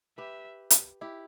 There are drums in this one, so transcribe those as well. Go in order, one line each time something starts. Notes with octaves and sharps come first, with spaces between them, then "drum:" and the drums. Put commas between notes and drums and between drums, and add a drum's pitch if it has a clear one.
G4 B4 E5
drum: hi-hat
E4 G4